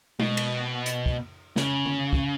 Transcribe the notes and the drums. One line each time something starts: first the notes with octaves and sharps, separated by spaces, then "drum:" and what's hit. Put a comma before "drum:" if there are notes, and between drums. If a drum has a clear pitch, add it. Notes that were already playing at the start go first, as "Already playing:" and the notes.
B2, drum: tom G#3
drum: cymbal
drum: hi-hat
drum: kick
C#3, drum: snare
drum: tom D3
drum: kick